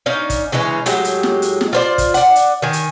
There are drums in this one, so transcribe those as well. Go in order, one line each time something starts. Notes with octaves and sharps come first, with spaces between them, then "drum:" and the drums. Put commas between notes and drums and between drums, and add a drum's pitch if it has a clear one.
C#4 D#4 D5 F5
drum: kick, hi-hat
C#3 E3 G#3 C#4
A2 F#3 G#3 G4, drum: hi-hat
drum: hi-hat
drum: snare
drum: hi-hat
drum: snare
F4 C5 D5
drum: kick, hi-hat
D5 F#5, drum: hi-hat
drum: hi-hat
D#3 G#5
drum: hi-hat